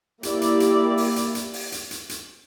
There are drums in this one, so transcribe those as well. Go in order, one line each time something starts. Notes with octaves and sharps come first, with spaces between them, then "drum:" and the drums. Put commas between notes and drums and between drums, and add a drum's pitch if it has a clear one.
A#3 E4 G4 D5, drum: hi-hat
drum: hi-hat
drum: hi-hat
drum: open hi-hat
drum: hi-hat
drum: hi-hat
drum: open hi-hat
drum: hi-hat
drum: hi-hat
drum: hi-hat